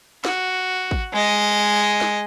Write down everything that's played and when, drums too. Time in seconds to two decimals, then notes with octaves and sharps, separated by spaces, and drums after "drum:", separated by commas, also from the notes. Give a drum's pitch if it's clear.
0.25 F#4, drum: snare
0.91 drum: kick
1.13 G#3 D#5
2.01 drum: snare